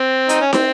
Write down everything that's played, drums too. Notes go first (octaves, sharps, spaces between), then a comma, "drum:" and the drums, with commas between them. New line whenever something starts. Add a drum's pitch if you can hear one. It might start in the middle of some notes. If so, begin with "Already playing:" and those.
Already playing: C4
D#4, drum: hi-hat
C#4
C4, drum: snare